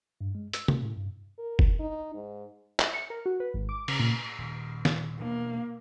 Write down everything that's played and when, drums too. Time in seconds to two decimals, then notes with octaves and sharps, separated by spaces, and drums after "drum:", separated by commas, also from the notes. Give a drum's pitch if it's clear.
0.21 G2
0.35 G#3
0.53 E6, drum: hi-hat
0.68 A#3, drum: tom C3
0.82 A2
0.96 G2
1.38 A#4
1.59 drum: kick
1.80 D#4
2.14 G#2
2.80 E5, drum: clap
2.93 C#7
3.10 A#4
3.26 F#4
3.40 B4
3.54 G#1
3.69 D6
3.88 C#3, drum: cymbal
4.00 A#2
4.39 D#1
4.85 drum: snare
5.20 B2 E3 A#3 D4